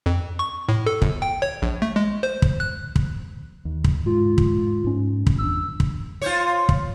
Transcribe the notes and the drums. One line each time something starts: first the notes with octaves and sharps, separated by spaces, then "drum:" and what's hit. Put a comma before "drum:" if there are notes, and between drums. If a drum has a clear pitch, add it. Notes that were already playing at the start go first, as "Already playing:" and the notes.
F2
C#6
A2
A4
G1, drum: kick
G5
C#5
A#1
A3
G#3
C5
drum: kick
F#6
drum: kick
D#2
drum: kick
G#2 F4
drum: kick
G#2 C#4
drum: kick
G1 E2 D4 E6
drum: kick
F4 C5 C#5
drum: kick